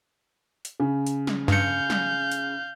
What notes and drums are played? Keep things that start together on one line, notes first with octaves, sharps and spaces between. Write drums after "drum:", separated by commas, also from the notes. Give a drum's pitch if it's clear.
drum: hi-hat
C#3
drum: hi-hat
drum: snare
G2 F5 G6 C#7, drum: snare
drum: snare
drum: hi-hat